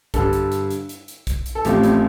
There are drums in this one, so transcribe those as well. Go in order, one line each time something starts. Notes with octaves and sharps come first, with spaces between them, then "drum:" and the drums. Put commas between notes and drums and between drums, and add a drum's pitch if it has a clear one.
G2 D3 G3 A4, drum: kick, hi-hat
drum: hi-hat
drum: hi-hat
drum: hi-hat
drum: hi-hat
drum: hi-hat
drum: kick, hi-hat
drum: hi-hat
A4
A1 A2 F3 A3 C4 G4, drum: hi-hat
drum: hi-hat